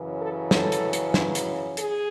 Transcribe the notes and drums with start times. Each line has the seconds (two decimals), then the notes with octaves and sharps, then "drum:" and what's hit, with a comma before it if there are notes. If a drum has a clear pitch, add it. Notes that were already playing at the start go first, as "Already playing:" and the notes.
Already playing: F#2 C#3 E3
0.20 A4
0.51 A4, drum: snare
0.72 drum: hi-hat
0.93 drum: hi-hat
1.14 drum: snare
1.35 drum: hi-hat
1.77 G#4, drum: hi-hat